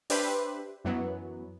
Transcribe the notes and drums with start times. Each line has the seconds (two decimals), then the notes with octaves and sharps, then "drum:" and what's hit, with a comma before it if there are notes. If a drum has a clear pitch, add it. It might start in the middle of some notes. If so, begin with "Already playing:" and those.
0.10 D4 G4 B4 C5 E5 B5, drum: open hi-hat
0.84 F#2 E3 F#3 B3